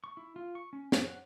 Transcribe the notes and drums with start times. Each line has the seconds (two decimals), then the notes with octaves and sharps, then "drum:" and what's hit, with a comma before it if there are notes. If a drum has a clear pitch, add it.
0.04 C#6
0.17 E4
0.36 F4
0.55 C#6
0.73 C#4
0.92 G5, drum: snare
1.07 F#5